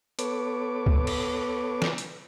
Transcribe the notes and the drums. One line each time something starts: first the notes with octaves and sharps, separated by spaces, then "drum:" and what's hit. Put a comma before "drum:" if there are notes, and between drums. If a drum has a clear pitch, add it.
B3 A4 B4 C#5 D6, drum: hi-hat
drum: kick
drum: cymbal
drum: snare
drum: hi-hat